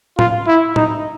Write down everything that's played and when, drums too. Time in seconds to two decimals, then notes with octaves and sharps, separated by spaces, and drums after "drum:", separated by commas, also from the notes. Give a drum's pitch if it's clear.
0.19 F4, drum: tom A2
0.48 E4
0.76 D#4, drum: tom A2